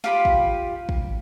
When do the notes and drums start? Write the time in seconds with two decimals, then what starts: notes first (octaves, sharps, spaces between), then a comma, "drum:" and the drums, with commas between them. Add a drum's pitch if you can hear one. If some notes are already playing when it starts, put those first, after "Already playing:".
0.04 F4 G4 B5, drum: snare
0.25 drum: kick
0.89 drum: kick